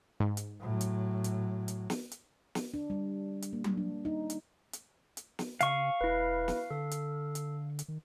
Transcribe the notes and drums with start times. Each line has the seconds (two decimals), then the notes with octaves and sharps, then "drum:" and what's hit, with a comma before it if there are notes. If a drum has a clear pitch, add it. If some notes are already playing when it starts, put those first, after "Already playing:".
0.20 G#2
0.37 drum: hi-hat
0.60 A2 F#3
0.81 drum: hi-hat
1.24 drum: hi-hat
1.68 drum: hi-hat
1.90 drum: snare
2.12 drum: hi-hat
2.55 drum: snare
2.74 D4
2.90 G3
3.42 drum: hi-hat
3.53 A#3
3.64 drum: tom F#3
3.77 D4
4.05 D#4
4.30 drum: hi-hat
4.73 drum: hi-hat
5.17 drum: hi-hat
5.39 drum: snare
5.61 C#3 F5 C#6, drum: hi-hat
6.01 E1 E4 B4
6.48 drum: snare
6.70 D3 A4
6.91 drum: hi-hat
7.35 drum: hi-hat
7.79 drum: hi-hat
7.88 D#3